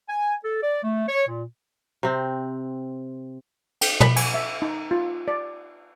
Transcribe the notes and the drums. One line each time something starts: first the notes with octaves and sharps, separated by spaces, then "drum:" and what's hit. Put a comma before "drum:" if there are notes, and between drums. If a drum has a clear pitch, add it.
G#5
A4
D5
A3
C#5
A#2
C3 C4
G5, drum: cymbal
B5, drum: tom
G#5, drum: cymbal
E5
D#4
F4
D5